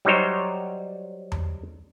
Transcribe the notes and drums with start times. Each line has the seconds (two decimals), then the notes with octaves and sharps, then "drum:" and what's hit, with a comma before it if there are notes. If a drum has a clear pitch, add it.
0.05 F#3 G3 D#4 C5 C#5
1.32 drum: tom E2